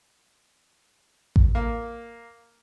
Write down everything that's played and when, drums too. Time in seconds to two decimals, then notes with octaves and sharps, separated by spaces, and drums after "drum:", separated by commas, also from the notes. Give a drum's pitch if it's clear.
1.36 drum: kick A1
1.55 A#3